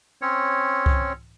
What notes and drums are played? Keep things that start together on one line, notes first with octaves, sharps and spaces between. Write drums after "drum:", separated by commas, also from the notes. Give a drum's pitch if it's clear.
C4 C#4 C#5
drum: kick C2